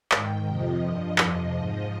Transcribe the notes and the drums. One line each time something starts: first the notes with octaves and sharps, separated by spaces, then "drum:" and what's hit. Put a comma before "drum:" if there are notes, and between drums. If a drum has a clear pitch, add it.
G#2 D#3 G5, drum: clap
F2 C3 F3 D#5
G2 F3 D#5
F2 C3 F3, drum: clap
G#2 F3